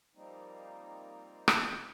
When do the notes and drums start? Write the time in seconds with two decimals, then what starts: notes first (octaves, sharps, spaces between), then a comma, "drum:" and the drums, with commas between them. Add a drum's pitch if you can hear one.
0.15 F3 G3 A#3 C4 D#4
1.48 drum: rim click